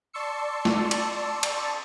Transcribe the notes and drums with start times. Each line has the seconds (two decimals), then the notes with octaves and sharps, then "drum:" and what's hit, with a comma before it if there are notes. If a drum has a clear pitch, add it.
0.13 D5 A5 C6 C#6 E6 C#7
0.65 drum: snare
0.91 drum: cymbal
1.43 drum: cymbal